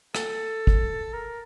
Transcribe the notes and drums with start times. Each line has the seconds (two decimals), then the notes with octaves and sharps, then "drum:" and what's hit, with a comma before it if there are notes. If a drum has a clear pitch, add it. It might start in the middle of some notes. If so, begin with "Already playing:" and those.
0.15 A4, drum: rim click
0.67 drum: kick
1.13 A#4